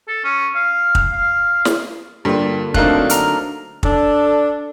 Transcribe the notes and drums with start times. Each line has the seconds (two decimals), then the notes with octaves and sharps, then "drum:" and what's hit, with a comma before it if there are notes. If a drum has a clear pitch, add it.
0.08 A4
0.24 C#4
0.55 F5
0.95 drum: kick
1.13 F5
1.65 drum: snare
2.25 G2 D3 G3 A#3 F4
2.74 F#3 A3 C4 D4 D#4 A#4 F5 F#6, drum: kick
3.10 A#5 F6, drum: hi-hat
3.83 D4 A4, drum: kick